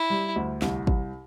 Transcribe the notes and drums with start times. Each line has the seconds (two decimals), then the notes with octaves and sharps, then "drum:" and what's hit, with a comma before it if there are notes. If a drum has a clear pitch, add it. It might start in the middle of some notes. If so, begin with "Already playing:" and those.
Already playing: E4
0.10 G3
0.36 D2
0.62 C2, drum: snare
0.87 C2, drum: kick